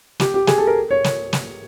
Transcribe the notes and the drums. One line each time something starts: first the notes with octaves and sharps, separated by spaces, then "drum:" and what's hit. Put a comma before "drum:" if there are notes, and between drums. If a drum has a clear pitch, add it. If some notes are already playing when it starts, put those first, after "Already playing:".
G4, drum: snare
G4
G#4, drum: snare
A4
A#4
C#5
drum: snare
drum: snare